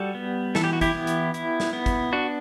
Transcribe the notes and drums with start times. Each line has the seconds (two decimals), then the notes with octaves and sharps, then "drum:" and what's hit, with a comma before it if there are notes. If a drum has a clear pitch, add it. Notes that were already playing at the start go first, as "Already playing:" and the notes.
Already playing: G3 F#4 A4
0.15 B3
0.55 E3 A4, drum: snare
0.64 G4
0.73 F#4
0.81 E4 G4, drum: kick, hi-hat
0.94 B3
1.07 drum: hi-hat
1.34 E4, drum: hi-hat
1.60 drum: snare
1.73 B3
1.86 drum: kick, hi-hat
2.13 D4 F#4